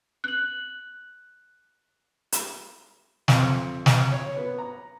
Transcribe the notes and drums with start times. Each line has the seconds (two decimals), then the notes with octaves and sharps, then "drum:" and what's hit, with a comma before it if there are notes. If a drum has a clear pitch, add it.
0.24 F#6 F#7
2.32 drum: hi-hat
3.28 F2, drum: snare
3.86 drum: snare
4.11 C#5
4.37 B3
4.58 A#5